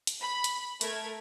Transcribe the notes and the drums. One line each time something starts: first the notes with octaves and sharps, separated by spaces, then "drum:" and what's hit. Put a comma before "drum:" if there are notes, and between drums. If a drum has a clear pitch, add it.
drum: hi-hat
B5
drum: hi-hat
A3 A#4 G#6, drum: hi-hat